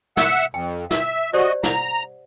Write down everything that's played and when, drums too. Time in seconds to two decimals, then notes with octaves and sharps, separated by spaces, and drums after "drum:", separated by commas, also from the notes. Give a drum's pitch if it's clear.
0.17 E5 F#5 E6, drum: snare
0.54 F2 G5
0.91 E5, drum: snare
1.33 F#4 G4 C5 D5 D#5
1.63 F#5 A#5, drum: snare